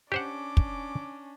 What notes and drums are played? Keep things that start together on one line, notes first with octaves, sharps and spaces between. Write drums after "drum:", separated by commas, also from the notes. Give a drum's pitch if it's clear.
C#4 D4 G4 C5 F#5 D6
drum: kick